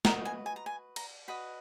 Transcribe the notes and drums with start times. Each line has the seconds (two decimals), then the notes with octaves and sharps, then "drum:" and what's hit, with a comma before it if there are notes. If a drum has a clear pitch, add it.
0.05 F#4 B4 D#5 A#5, drum: snare
0.25 G#5
0.46 G#5
0.56 A#5
0.66 G#5
0.96 A#5, drum: cymbal
1.28 F#4 B4 D#5 B5